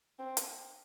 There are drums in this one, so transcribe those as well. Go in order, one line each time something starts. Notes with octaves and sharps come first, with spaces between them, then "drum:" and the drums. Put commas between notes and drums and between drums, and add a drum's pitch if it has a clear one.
C4
drum: hi-hat